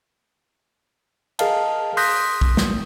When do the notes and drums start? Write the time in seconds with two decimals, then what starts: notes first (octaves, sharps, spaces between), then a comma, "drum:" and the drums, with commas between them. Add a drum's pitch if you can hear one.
1.39 G#4 A#4 D#5 F5 A5, drum: cymbal
1.97 C6 D#6 F#6 G6 A#6 B6, drum: open hi-hat
2.41 drum: kick
2.57 drum: snare